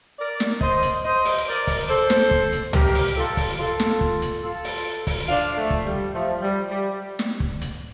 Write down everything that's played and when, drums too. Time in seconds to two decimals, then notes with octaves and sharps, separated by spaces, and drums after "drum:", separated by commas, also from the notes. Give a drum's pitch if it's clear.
0.19 A#4 D5
0.40 drum: snare
0.61 C5 D#5, drum: kick
0.83 drum: hi-hat
1.03 C5 D#5
1.25 drum: open hi-hat
1.46 A#4 D5
1.67 drum: kick, open hi-hat
1.89 A4 C5
2.10 drum: snare
2.31 drum: kick
2.52 drum: hi-hat
2.73 G4 A#4, drum: tom
2.95 drum: open hi-hat
3.16 F4 A4
3.37 drum: kick, open hi-hat
3.58 F4 A4
3.80 drum: snare
4.01 drum: kick
4.22 drum: hi-hat
4.43 F4 A4
4.64 drum: open hi-hat
5.07 drum: kick, open hi-hat
5.28 D4 F4
5.57 F3 A3
5.70 drum: kick
5.85 G3
6.13 F3 A3
6.41 G3
6.70 G3
7.19 drum: snare
7.40 drum: kick
7.61 drum: hi-hat